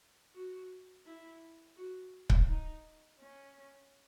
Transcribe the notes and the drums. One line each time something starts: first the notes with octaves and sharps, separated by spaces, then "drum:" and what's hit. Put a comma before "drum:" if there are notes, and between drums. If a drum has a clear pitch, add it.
F#4
E4
F#4
drum: kick C#1
D#4
C#4